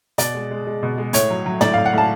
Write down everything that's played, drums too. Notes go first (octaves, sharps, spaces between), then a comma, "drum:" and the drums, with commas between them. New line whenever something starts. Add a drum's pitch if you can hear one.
B2 D5, drum: hi-hat
G#3
G#3
G#3
B2
G#3
A2 C#5, drum: hi-hat
F#3
F#3
A2 D5, drum: tom
F5
A2
F#5
A2 A5